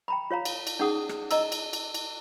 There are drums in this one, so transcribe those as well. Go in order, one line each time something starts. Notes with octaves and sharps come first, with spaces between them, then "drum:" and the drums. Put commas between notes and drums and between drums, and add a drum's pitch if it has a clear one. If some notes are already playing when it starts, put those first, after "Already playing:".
G5 A#5 B5
F4 C#5 F5 A#5
drum: cymbal
drum: cymbal
C#4 D#4 G#4 F#5 A5 D#6
drum: rim click
D#5 A#5 E6, drum: cymbal
drum: cymbal
drum: cymbal
drum: cymbal